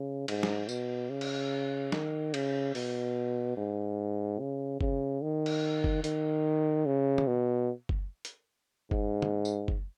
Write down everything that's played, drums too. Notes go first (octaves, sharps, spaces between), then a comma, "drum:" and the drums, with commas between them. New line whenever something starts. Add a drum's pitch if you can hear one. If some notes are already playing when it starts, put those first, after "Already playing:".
Already playing: C#3
G#2, drum: cymbal
drum: snare
B2, drum: tambourine
C#3
drum: cymbal
D#3, drum: snare
C#3, drum: cymbal
B2, drum: open hi-hat
G#2
C#3
C#3, drum: kick F#1
D#3
drum: cymbal
drum: kick F#1
D#3, drum: hi-hat
C#3
drum: tom
B2
drum: kick F#1
drum: hi-hat
G#2, drum: kick F#1
drum: tom
drum: tambourine
drum: kick F#1